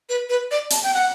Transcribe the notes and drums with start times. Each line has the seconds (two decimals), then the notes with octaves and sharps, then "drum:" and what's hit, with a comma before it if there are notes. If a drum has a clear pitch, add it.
0.09 B4
0.29 B4
0.51 D5
0.71 A5, drum: hi-hat
0.83 G5
0.94 F#5